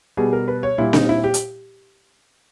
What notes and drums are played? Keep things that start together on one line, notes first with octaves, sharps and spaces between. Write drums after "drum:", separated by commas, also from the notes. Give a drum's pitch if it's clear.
B2 G3 G#4
A#4
B4
C#5
A#2 G3 E4
D#4, drum: snare C4
E4
G4
drum: hi-hat